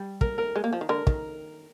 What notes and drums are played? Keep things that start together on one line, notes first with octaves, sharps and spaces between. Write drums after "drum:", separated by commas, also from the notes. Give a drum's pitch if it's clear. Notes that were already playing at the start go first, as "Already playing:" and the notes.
Already playing: G3
A#4, drum: kick
A#4
G#3
A#3
F3
D#3
D3 A#4
D#3, drum: kick